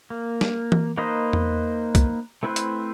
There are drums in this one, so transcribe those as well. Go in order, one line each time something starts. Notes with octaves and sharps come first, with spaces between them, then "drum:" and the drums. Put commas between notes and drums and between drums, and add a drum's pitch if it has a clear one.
A#3
drum: snare
drum: tom E3
A#3 D#4 B4 C5 D#5
drum: tom E2
drum: kick, hi-hat
A3 C4 E4 B4 C5
drum: hi-hat